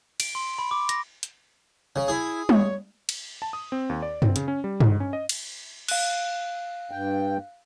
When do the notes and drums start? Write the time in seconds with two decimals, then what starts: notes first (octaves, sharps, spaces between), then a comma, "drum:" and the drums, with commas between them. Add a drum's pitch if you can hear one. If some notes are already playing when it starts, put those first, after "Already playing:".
0.20 D7, drum: cymbal
0.35 C6
0.59 B5
0.71 D6
0.89 A#6, drum: hi-hat
1.23 drum: hi-hat
1.96 C#3
2.08 E4 G#4
2.49 C#5, drum: tom G3
3.09 drum: cymbal
3.42 A5
3.53 D#6
3.72 C4
3.89 D#2
4.02 D5
4.22 C4, drum: tom F#2
4.36 C#3, drum: hi-hat
4.48 C#4
4.64 G3
4.80 G#2, drum: tom G2
5.00 C#4
5.13 D#5
5.29 drum: cymbal
5.88 F5 F#6, drum: cymbal
6.91 G2 G5